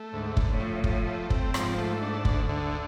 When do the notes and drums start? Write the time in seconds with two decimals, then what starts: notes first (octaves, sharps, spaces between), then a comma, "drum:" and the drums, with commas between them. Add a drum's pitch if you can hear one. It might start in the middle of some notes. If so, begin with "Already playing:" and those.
Already playing: A3
0.13 D2 G#2
0.37 D3, drum: kick
0.49 A2
0.60 F3
0.84 F3, drum: kick
1.07 A3
1.30 C4, drum: kick
1.54 G#2 F3, drum: rim click
1.78 A3
2.02 D4
2.25 D2, drum: kick
2.49 D3